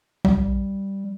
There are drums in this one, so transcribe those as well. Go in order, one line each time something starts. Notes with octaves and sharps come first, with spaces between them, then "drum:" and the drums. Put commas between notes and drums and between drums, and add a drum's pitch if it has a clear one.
G3, drum: tom